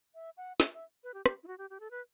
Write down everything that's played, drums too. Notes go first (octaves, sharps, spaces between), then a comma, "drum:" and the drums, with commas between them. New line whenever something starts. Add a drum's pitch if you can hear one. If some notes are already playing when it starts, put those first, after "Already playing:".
E5
F#5
E5, drum: snare
E5
B4
G4
G4, drum: rim click
E4
F#4
G4
G4
A4
B4